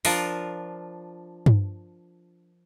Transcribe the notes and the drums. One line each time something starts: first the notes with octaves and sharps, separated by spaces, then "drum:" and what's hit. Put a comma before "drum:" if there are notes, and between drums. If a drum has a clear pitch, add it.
F3 D4 F4 A#4, drum: open hi-hat
drum: tom G2